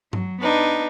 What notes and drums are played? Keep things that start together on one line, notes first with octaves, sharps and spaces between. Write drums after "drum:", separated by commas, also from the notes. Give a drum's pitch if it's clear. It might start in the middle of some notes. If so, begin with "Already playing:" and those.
F#3, drum: tom G2
B3 D4 D#4 B4